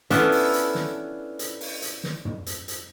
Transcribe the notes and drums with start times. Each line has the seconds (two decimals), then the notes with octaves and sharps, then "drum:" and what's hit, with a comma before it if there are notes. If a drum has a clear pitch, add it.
0.10 B3 C#4 D4 E4 F4 A4, drum: hi-hat
0.32 drum: open hi-hat
0.53 drum: hi-hat
0.75 drum: snare
1.39 drum: hi-hat
1.61 drum: open hi-hat
1.82 drum: hi-hat
2.04 drum: snare
2.25 drum: tom
2.46 drum: hi-hat
2.68 drum: hi-hat